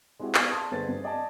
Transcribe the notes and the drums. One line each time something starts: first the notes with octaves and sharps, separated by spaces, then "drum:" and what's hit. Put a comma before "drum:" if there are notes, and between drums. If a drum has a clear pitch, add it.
G#3 C4 E4 F#4 G4
B3 G#4 D5 C#6 G#6 C7, drum: clap
A5 C6 D#6
G1 A3 G#4 B4 C5 A6
G2
D5 D#5 G#5 A5